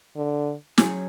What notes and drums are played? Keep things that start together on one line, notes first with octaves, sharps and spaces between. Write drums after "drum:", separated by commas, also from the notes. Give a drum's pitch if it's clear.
D3
F#3 C#4 G#4, drum: snare